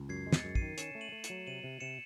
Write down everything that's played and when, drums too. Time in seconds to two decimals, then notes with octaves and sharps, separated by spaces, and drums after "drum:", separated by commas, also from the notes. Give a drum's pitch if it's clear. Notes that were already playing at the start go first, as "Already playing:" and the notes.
Already playing: C#2
0.09 F#2 G#6 C7
0.26 G#3
0.32 A6 C#7, drum: snare
0.44 F#2
0.55 C7 D#7, drum: kick
0.62 D#3
0.78 C#4 C#7 E7, drum: hi-hat
0.95 A3
1.01 D#7 F#7
1.12 A3
1.24 C#7 E7, drum: hi-hat
1.30 F#3
1.47 C3 D#7 F#7
1.64 C3
1.80 C3 C#7 E7